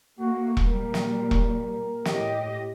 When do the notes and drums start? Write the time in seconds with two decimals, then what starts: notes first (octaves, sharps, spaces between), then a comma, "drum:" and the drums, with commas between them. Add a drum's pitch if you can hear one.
0.20 A3 A#3 F#4
0.57 drum: kick E1
0.67 A#2 G3 A#4
0.94 drum: snare
1.31 drum: kick E1
2.05 A2 G4 D#5, drum: snare